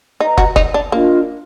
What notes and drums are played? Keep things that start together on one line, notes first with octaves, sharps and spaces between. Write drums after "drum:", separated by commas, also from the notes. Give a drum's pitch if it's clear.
D#4 B4 D#5 A#5
F#4, drum: kick
D#4, drum: kick
D4
A#3 D4 F4 A#4 D#5